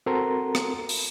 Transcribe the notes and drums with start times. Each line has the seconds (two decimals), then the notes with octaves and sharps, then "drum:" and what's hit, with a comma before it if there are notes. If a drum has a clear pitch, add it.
0.06 C4 F#4 A4 A#4 A#5 C6
0.55 drum: rim click
0.89 drum: open hi-hat